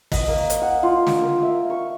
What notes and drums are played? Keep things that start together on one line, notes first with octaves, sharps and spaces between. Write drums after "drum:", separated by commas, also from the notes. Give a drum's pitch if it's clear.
D#5, drum: kick, open hi-hat
A#3
drum: hi-hat
F#5
F4
drum: snare
A#4
E5
C#6